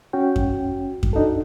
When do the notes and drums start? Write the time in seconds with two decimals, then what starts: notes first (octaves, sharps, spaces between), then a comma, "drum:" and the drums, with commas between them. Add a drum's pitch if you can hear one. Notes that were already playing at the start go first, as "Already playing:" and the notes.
0.13 C#4 F#4 G5
0.36 drum: kick F#2
1.03 drum: kick F#2
1.13 D4 D#4 F#4 A4